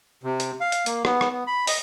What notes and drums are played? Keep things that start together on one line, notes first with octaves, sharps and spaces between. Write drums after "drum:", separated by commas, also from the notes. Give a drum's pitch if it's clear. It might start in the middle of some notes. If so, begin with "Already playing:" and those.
C3
drum: hi-hat
F5
drum: hi-hat
A#3, drum: hi-hat
B3, drum: rim click
drum: rim click
B3
B5
D#5, drum: open hi-hat